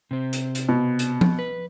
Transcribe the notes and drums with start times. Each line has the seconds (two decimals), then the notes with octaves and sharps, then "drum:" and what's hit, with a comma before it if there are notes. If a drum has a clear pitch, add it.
0.11 C3 C4
0.33 drum: hi-hat
0.55 drum: hi-hat
0.69 B2
0.99 drum: hi-hat
1.21 drum: tom F3
1.39 B4